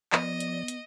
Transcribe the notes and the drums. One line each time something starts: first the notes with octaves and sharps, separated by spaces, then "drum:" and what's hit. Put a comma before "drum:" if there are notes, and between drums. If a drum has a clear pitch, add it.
F3 B3 D5 D#5, drum: clap
drum: hi-hat
drum: hi-hat